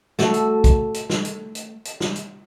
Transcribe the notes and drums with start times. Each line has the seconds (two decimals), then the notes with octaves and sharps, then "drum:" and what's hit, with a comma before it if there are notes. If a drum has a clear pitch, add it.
0.19 A3 F#4, drum: snare
0.34 drum: hi-hat
0.64 drum: kick, hi-hat
0.94 drum: hi-hat
1.10 drum: snare
1.25 drum: hi-hat
1.55 drum: hi-hat
1.85 drum: hi-hat
2.00 drum: snare
2.16 drum: hi-hat